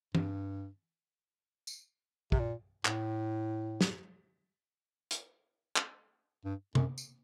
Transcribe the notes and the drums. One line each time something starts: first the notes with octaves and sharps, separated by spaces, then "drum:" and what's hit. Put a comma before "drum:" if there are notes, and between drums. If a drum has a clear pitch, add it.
G2, drum: tom
drum: tambourine
C3, drum: kick
A#2
A2, drum: clap
drum: snare
drum: hi-hat
drum: clap
G2
F#2, drum: tom C3
drum: tambourine